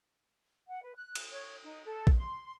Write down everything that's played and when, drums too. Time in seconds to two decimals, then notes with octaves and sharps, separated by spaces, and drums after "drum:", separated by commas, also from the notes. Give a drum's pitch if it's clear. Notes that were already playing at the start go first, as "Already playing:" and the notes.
0.69 F#5
0.83 B4
0.96 F#6
1.15 drum: cymbal
1.31 C#5
1.65 D#4
1.85 A4
2.07 drum: kick A#1
2.18 C6